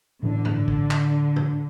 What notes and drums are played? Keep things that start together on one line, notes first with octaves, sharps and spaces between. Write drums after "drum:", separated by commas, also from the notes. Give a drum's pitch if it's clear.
A2 D3 E3 A3 D4
drum: tom G2
drum: kick
drum: clap
drum: tom G#2